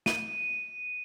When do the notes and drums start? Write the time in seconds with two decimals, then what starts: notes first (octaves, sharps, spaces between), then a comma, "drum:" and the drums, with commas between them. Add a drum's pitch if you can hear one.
0.06 D#7, drum: snare